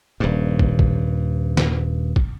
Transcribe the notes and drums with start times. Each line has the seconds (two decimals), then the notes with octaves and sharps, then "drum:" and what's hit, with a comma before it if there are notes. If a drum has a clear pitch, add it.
0.20 D#1 G2
0.59 drum: kick
0.79 drum: kick
1.57 drum: snare
2.16 drum: kick